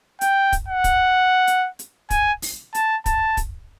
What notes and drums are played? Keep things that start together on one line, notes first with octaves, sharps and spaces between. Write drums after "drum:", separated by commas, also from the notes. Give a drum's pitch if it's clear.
G5, drum: hi-hat
drum: kick, hi-hat
F#5
drum: kick, hi-hat
drum: hi-hat
drum: hi-hat
G#5, drum: kick, hi-hat
drum: open hi-hat
A5, drum: hi-hat
A5, drum: kick, hi-hat
drum: kick, hi-hat